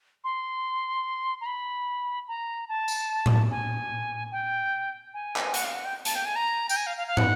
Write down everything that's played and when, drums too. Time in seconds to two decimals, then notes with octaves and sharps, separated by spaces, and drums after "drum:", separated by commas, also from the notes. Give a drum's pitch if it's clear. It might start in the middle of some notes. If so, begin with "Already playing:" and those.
0.24 C6
1.41 A#5
1.46 B5
2.28 A#5
2.69 A5
2.88 drum: tambourine
3.26 drum: tom A2
3.50 G#5
4.32 G5
5.14 G#5
5.36 drum: clap
5.54 F#5, drum: hi-hat
5.65 F5
5.75 F#5
5.85 G5
6.05 A5, drum: hi-hat
6.15 G5
6.25 G#5
6.36 A#5
6.69 G5, drum: tambourine
6.76 G#5
6.87 F5
6.97 F5
7.07 F5
7.17 F#5, drum: tom